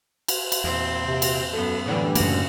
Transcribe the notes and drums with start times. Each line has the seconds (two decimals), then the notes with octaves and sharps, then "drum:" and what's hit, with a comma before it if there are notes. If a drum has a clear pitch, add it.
0.28 drum: cymbal
0.52 drum: cymbal
0.64 E2 A#2 C4 G6
1.06 C3
1.22 drum: cymbal
1.53 F#2 B3 A4
1.86 A2 D3 E3 G3
2.15 F#2 C#3 A#3 F#4, drum: cymbal